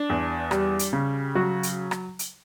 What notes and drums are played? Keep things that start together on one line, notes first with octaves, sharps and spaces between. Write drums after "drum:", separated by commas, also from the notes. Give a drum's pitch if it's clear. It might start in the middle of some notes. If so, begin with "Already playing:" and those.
Already playing: D4
E2
G3, drum: rim click
drum: hi-hat
C#3
F#3 F#4
drum: hi-hat
drum: rim click
drum: hi-hat